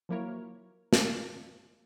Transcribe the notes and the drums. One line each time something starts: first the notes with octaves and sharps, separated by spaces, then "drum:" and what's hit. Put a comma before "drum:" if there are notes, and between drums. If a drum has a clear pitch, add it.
F3 F#3 A#3 E4 A#4 C#5
drum: snare